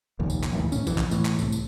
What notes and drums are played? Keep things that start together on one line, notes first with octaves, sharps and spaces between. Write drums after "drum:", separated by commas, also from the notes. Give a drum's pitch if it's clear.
F1 A#1 D#2 A#2
drum: tambourine
drum: clap
A1 D#2 E3
C2 A2 C#4, drum: tambourine
A#1 F2 E3, drum: kick, tambourine
drum: clap
A2 E3, drum: tambourine
drum: clap
C2 A2, drum: tambourine
drum: tambourine